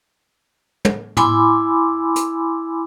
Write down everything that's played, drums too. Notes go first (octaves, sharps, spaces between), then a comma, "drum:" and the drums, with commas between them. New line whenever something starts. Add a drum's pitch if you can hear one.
drum: tom
E4 G#5 B5 C6 D6 E6, drum: tom
drum: hi-hat